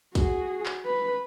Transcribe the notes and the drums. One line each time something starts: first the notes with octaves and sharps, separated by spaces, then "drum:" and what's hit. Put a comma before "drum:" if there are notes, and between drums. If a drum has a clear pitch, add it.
F#4 G#4, drum: kick, hi-hat
drum: clap
B4